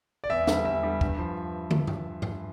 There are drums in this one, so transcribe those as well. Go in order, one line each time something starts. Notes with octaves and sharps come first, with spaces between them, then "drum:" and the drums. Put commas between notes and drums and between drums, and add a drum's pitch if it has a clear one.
D5
E2 E5
D3 G3, drum: snare
E2 E5
D3 G3
G2, drum: kick
F3
drum: tom
drum: tom G2
drum: tom G2